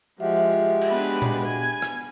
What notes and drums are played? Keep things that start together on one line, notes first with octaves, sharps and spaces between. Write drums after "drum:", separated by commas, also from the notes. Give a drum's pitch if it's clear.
F3 G#3 F#4 G4 E5
drum: cymbal
B3 D4 B4
drum: tom A#2
G#5
drum: rim click